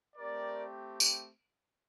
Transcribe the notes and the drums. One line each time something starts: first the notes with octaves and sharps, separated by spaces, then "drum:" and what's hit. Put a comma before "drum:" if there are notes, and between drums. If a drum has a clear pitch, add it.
A3 C4 G4 A#4 D5
drum: tambourine